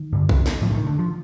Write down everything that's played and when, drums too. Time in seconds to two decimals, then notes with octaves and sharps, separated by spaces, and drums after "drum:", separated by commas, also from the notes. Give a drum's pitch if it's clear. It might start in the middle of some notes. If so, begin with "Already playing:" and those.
Already playing: D#3
0.13 G2 D3
0.29 drum: kick A#1
0.46 drum: snare
0.62 A2 F3
0.70 D3
0.74 D#3
0.87 D3
0.99 F3